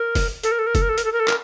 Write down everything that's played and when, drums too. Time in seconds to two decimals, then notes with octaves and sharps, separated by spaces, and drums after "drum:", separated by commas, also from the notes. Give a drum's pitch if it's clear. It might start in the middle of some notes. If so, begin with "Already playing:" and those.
Already playing: A#4
0.15 drum: kick, open hi-hat
0.43 A4, drum: hi-hat
0.52 A#4
0.59 A4
0.67 A#4
0.75 A4, drum: kick, hi-hat
0.82 A#4
0.89 A4
0.98 A#4, drum: hi-hat
1.05 A4
1.13 A#4
1.20 A4
1.28 A#4, drum: clap